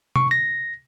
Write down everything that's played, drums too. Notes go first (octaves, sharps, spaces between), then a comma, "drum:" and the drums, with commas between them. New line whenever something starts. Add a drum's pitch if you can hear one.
C#6, drum: tom C3
A#6